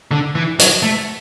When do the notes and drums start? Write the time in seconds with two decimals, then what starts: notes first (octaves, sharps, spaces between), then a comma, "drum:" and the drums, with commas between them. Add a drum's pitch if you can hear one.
0.11 D3
0.35 E3
0.59 F#3, drum: hi-hat
0.83 A3